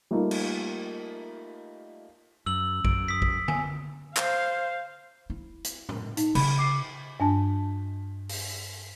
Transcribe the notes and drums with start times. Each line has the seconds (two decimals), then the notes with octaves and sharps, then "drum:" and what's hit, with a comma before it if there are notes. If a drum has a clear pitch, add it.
0.11 G3 A3 A#3 D#4 F4
0.31 drum: cymbal
2.46 F#2 E6 F#7
2.85 F#2 D7, drum: kick A#1
3.08 D#6 B6
3.22 drum: kick A#1
3.48 G#5, drum: tom D3
4.17 C5 F5, drum: clap
5.30 E4
5.64 drum: hi-hat
5.89 drum: tom A2
6.17 D#4, drum: hi-hat
6.35 C#3 E3 B5, drum: cymbal
6.58 D6 C7
7.20 G2 D4 A5
8.29 drum: open hi-hat